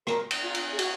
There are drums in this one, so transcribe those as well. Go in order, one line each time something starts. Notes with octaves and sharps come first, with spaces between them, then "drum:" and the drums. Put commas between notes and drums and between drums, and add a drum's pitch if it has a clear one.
A#4, drum: rim click
drum: cymbal
F4
drum: cymbal
G#4
F#4, drum: cymbal